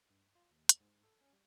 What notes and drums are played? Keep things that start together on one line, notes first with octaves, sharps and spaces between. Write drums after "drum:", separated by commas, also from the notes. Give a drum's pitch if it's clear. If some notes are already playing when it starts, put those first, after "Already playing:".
G2
F4
D#2
drum: hi-hat
G#2
A4
C#4
G3